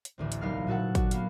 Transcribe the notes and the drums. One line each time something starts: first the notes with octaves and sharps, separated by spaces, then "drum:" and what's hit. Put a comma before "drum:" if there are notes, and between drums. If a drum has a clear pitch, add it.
drum: hi-hat
A1 D2 C4
drum: hi-hat
C2 F#3 B3 D#4 F5 F6
A#2 F#4 A4 F#5
D4 F#4, drum: kick, hi-hat
A#3 B3 F5, drum: hi-hat